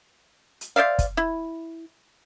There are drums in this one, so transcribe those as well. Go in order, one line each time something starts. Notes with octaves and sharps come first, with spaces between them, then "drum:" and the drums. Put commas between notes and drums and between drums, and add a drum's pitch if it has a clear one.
drum: hi-hat
C5 D5 E5 F5
drum: kick, hi-hat
E4